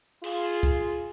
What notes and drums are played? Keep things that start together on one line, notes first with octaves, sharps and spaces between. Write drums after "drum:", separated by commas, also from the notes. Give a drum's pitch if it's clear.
F4 G#4, drum: cymbal
drum: kick